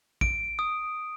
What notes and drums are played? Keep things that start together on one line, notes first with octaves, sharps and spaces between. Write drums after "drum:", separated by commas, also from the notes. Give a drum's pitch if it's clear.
D7, drum: kick
D#6